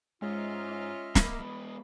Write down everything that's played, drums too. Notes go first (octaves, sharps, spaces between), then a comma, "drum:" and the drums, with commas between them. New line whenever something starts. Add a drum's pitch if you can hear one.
G#2 G#3 C#4 F4 D#5 E5 F6
A#3 B5, drum: snare
G#3 B3